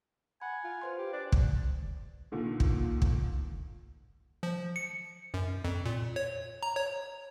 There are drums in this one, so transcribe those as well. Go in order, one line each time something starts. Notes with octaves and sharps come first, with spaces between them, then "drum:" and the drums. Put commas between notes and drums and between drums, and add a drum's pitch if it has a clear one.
F#5 G#5 B5
F4
B4 C5 C6
G4
D4 D5
drum: kick
A#2 D3 D#3
drum: kick
drum: kick
F3
C#7
F#2
F2
A#2
C#5
A#5
C#5